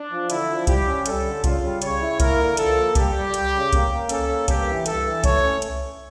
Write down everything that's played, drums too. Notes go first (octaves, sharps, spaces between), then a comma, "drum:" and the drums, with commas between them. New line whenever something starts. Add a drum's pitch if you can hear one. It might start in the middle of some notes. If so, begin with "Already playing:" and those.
Already playing: D4
F3
D3 E4, drum: hi-hat
F3
G3 G4, drum: kick C2, hi-hat
C#4
G3 A4, drum: hi-hat
D3
C#3 F4, drum: kick C2, hi-hat
G3
C#3 C#5, drum: hi-hat
E4
A#3 A#4, drum: kick C2, hi-hat
D3
F3 A4, drum: hi-hat
A#3
G3 G4, drum: kick C2, hi-hat
G3
G3, drum: hi-hat
C#3
A#3, drum: kick C2, hi-hat
A#3
C#4 A4, drum: hi-hat
A#3
G2 G4, drum: kick C2, hi-hat
E3
G2 A4, drum: hi-hat
E3
A3 C#5, drum: kick C2, hi-hat
C#4
drum: hi-hat